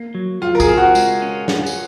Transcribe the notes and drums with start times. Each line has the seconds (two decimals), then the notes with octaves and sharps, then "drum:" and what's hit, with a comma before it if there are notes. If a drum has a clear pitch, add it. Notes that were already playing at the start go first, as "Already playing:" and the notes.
Already playing: A#3
0.15 F#3
0.42 F#3 F4
0.55 A#4
0.60 G#4, drum: kick, tambourine
0.69 C4
0.77 F#4
0.95 G#3, drum: tambourine
1.22 C#4
1.48 C#4, drum: snare
1.66 drum: tambourine